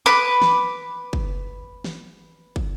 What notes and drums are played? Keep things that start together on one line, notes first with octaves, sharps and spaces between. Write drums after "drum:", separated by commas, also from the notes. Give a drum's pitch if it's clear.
B4 D6
drum: snare
drum: kick
drum: snare
drum: kick